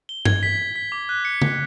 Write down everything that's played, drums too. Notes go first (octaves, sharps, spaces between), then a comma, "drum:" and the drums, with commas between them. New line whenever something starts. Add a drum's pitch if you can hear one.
G7
G#6, drum: tom G2
B6
B6
B6
D6
F#6
C#7
C#7, drum: tom C#3